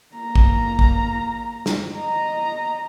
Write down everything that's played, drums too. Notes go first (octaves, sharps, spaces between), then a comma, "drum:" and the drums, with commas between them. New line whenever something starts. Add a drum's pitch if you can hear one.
A#3 A#5
drum: kick A1
drum: kick A1
drum: snare
D#5 A#5